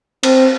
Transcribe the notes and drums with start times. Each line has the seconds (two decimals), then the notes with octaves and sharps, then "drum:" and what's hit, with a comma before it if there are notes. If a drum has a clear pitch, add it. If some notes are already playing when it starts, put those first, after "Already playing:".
0.23 C4, drum: cymbal